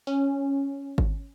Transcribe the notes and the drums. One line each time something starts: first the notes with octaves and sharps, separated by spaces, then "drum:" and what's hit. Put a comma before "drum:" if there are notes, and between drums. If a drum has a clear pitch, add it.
C#4
drum: kick G#1